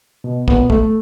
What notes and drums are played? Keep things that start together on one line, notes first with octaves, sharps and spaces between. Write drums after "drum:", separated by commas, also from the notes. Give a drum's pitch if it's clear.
B2
A#2 B3, drum: kick
A3, drum: kick